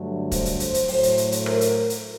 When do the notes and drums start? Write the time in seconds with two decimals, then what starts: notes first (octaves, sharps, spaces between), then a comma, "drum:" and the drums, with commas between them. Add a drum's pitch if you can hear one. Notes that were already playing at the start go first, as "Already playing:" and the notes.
Already playing: G2 D3 F#3 A3
0.31 C5, drum: kick, hi-hat
0.45 drum: hi-hat
0.60 drum: hi-hat
0.74 drum: hi-hat
0.88 A2 F#3 A3 C5, drum: open hi-hat
1.03 drum: hi-hat
1.18 drum: hi-hat
1.32 drum: hi-hat
1.46 A#4, drum: rim click
1.61 drum: hi-hat
1.90 drum: hi-hat